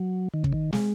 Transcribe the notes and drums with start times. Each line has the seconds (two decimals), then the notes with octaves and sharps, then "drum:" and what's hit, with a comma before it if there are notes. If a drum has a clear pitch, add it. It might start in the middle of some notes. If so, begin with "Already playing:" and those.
Already playing: F#3
0.34 D#3
0.44 C#3, drum: kick
0.53 D#3
0.73 G#3, drum: snare